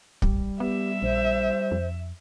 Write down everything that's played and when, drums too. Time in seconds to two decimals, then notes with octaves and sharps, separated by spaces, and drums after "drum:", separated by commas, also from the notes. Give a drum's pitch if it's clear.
0.22 A1 G3, drum: kick
0.60 B3 G4 E5
1.02 A#1 C5
1.72 F2